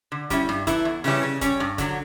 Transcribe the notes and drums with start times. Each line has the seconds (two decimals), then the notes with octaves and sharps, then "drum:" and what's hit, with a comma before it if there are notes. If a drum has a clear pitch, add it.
0.12 D3
0.30 G3 C#4 E4, drum: kick F#1, hi-hat
0.49 G2, drum: snare
0.67 E3 A3 E4, drum: kick F#1, hi-hat
0.85 E2
1.04 C#3 E3 G3 C#4, drum: open hi-hat
1.23 C#3
1.41 G3 C#4, drum: kick F#1, hi-hat
1.60 G2
1.78 D3 F#3, drum: kick F#1, hi-hat